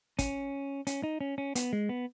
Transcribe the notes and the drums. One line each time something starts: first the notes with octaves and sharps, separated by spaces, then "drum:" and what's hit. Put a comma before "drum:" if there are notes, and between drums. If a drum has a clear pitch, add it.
C#4, drum: kick, hi-hat
C#4, drum: hi-hat
D#4
C#4
C#4
B3, drum: hi-hat
G#3
B3